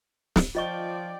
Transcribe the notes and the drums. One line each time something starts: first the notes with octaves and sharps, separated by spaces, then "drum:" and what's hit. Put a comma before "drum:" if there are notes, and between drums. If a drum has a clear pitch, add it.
drum: snare
F3 F4 D5 D#5 G5 C#6